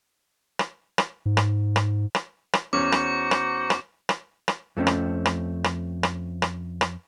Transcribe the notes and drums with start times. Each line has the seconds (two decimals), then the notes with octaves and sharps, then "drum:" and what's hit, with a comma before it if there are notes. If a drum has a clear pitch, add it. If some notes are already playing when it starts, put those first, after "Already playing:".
0.59 drum: rim click
0.98 drum: rim click
1.26 G#2
1.37 drum: rim click
1.76 drum: rim click
2.15 drum: rim click
2.53 drum: rim click
2.73 E2 C#4 D#4 F#4 C5 D6
2.92 drum: rim click
3.31 drum: rim click
3.70 drum: rim click
4.09 drum: rim click
4.48 drum: rim click
4.77 F2 A3 C4 C#4
4.87 drum: rim click
5.25 drum: rim click
5.64 drum: rim click
6.03 drum: rim click
6.42 drum: rim click
6.81 drum: rim click